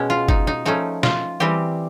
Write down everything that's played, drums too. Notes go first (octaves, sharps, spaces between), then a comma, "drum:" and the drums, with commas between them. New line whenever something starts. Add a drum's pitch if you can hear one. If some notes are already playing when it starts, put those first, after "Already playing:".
Already playing: B2 G#3 C#4
F4
D#4, drum: kick G1
D#4
F3 A3 C#4 D#4
F4, drum: snare
E3 G3 C4 G4